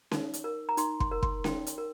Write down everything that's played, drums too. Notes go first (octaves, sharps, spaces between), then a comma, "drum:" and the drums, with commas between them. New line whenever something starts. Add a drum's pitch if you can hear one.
D#4, drum: snare C#4
drum: hi-hat
A#4
A#5
D#4 C6, drum: hi-hat
C6, drum: kick
A#4
C6, drum: kick
D#4 G5, drum: snare C#4
drum: hi-hat
A#4